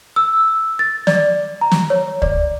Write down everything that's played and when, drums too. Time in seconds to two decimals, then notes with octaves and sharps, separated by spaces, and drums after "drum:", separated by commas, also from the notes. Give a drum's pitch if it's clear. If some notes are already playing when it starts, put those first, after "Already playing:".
0.16 E6
0.79 A6
1.07 D5, drum: snare
1.61 A#5
1.72 drum: snare
1.90 C#5
2.22 D5, drum: kick